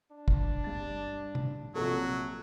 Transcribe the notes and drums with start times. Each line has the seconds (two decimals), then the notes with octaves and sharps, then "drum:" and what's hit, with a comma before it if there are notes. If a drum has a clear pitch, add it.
0.12 D4
0.28 drum: kick
0.64 G2 A6
1.35 drum: tom C3
1.75 A#1 C3 F#3 A4